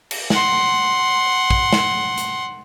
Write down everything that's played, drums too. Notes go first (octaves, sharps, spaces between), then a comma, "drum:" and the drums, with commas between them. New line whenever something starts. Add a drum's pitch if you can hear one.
drum: cymbal
F#5 C6, drum: snare
drum: kick
drum: snare
drum: hi-hat